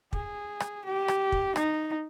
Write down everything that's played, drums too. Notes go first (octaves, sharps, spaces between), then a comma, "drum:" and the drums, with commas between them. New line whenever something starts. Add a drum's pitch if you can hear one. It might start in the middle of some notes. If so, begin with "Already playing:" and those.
G#4, drum: kick
drum: rim click
G4
drum: rim click
drum: kick
D#4, drum: rim click